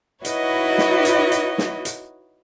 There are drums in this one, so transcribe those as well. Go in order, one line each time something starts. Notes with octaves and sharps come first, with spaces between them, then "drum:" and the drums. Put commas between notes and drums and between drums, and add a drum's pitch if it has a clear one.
D#4 E4 F#4 B4 C#5 D#5, drum: hi-hat
drum: snare
drum: hi-hat
drum: hi-hat
drum: snare
drum: hi-hat